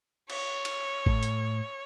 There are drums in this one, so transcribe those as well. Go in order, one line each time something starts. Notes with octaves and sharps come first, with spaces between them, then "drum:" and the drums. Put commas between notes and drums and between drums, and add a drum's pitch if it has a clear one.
C#5, drum: cymbal
drum: cymbal
A2, drum: kick G#1
drum: hi-hat